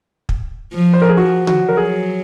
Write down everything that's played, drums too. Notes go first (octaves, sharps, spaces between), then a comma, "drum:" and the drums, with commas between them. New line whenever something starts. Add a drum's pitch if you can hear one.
drum: kick
F3
C5
A#4
G#4
F3 F#4
F#4, drum: tom D3
F#3
A#4
G#4